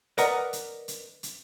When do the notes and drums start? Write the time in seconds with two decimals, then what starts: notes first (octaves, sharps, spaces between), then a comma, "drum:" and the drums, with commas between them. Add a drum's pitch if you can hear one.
0.18 A#4 B4 D5 D#5 F#5 A#5, drum: hi-hat
0.53 drum: hi-hat
0.88 drum: hi-hat
1.23 drum: hi-hat